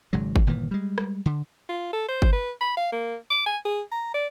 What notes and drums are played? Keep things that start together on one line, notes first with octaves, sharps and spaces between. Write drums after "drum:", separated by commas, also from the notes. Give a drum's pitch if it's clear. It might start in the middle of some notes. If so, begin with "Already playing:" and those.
G#1 G#2 C#3 F#3
drum: kick G1
G1 A#2 D#3 E3
G3 G#3
drum: rim click
D3
F4
A4
C5
drum: kick G1
B4
B5
F5
A#3
D6
G#5
G#4
A#5
D5